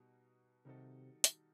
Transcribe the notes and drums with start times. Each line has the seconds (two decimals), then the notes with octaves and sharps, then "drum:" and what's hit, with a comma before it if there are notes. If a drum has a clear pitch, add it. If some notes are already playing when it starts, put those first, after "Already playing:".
Already playing: B2 G3 D#4 F#4
0.65 C3 D#3 G3 D#4 F#4 A4
1.24 drum: hi-hat